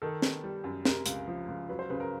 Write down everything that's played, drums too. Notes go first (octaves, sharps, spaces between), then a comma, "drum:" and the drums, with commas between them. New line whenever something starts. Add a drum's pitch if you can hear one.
D#3 A4
B3, drum: snare
G3
F#2
C3 A#4, drum: snare
C#2, drum: hi-hat
F3
C#2
F#3 B4
C5
C#3 B4
A#4